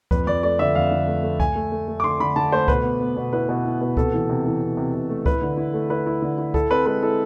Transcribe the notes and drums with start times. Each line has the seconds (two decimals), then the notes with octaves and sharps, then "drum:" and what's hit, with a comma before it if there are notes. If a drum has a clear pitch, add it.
0.11 F2 B4, drum: kick C#2
0.27 F2 D5
0.43 A3 D5
0.59 D3 E5
0.75 F2 F5
0.92 D3
1.07 A3
1.23 A3
1.40 A3 G#5, drum: kick C#2
1.56 A3
1.72 A3
1.88 A3
2.00 D6
2.04 D3 C6
2.20 D3 B5
2.36 D3 A5
2.52 A3 C5
2.68 B2 B4, drum: kick C#2
2.85 B3
3.01 B3
3.17 B2
3.33 E4 B4
3.49 B2
3.65 E4
3.81 B2
3.97 C3 A4, drum: kick C#2
4.14 E3
4.29 C3
4.45 E3
4.61 C3
4.77 C3
4.94 C3
5.09 A3
5.26 E4 B4, drum: kick C#2
5.41 D3
5.57 E4
5.74 A3
5.90 E4 B4
6.06 E4
6.22 D3
6.38 E4
6.54 E4 A4, drum: kick C#2
6.70 C4 B4
6.86 G#3 B4
7.02 E4 A4